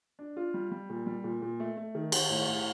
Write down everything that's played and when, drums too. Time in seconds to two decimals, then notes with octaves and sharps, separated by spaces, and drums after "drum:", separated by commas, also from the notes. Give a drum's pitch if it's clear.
0.19 D4
0.37 F4
0.54 G3
0.72 G3
0.90 A#2
1.07 G3
1.24 A#2
1.42 A#2
1.60 A3
1.77 A3
1.95 D#3
2.12 D#3, drum: cymbal
2.30 A2
2.47 A2